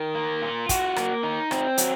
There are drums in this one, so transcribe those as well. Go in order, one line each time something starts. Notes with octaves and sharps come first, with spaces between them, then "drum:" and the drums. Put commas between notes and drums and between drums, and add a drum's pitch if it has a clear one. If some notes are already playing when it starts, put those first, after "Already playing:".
Already playing: D#3
A#3
F4
F#4, drum: kick, hi-hat
A#3, drum: rim click
D#4
C4, drum: rim click
F#3, drum: hi-hat